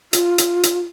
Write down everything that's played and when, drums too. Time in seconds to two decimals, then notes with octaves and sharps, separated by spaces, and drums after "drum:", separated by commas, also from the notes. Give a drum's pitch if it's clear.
0.13 F4, drum: hi-hat
0.38 drum: hi-hat
0.63 drum: hi-hat